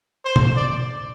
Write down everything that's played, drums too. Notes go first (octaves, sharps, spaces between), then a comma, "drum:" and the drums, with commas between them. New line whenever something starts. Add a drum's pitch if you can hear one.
C5
drum: tom
D5